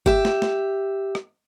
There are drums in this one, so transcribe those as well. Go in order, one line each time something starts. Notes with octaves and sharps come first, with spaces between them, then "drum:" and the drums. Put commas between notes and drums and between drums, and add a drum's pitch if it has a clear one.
G4 E5, drum: kick G1
drum: snare
drum: snare
drum: rim click